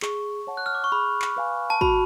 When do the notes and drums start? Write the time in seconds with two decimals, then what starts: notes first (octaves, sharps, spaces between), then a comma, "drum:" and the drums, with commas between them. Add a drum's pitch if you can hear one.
0.02 G#4 C#6, drum: clap
0.47 C#5 F#5 A5
0.57 F#6
0.66 F6
0.75 D6
0.84 C#6
0.92 G#4 B5
1.22 drum: clap
1.36 B4 F5 G#5
1.70 A5
1.81 F#4 B5, drum: kick